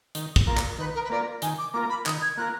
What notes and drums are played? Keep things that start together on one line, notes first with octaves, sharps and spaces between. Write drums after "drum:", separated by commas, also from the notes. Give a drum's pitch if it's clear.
D#3, drum: hi-hat
drum: kick
A#3 F4 A#4
drum: clap
D#3 B4
A#4
B4
A#3 F4 A#4 D5
D#3 G#5, drum: hi-hat
D6
A#3 F4 A#4 D6
B5
D#3 D#6, drum: clap
G#6
A#3 F4 A#4 F#6